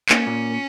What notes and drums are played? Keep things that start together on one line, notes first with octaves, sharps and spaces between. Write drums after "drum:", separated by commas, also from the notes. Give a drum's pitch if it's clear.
A#3 C#4, drum: clap
A#2